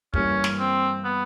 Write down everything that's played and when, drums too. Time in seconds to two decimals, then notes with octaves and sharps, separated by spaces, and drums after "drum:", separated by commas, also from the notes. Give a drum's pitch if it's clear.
0.14 G2 E3 G3 A#3 C#4, drum: kick
0.44 drum: snare
0.59 C4
1.04 B3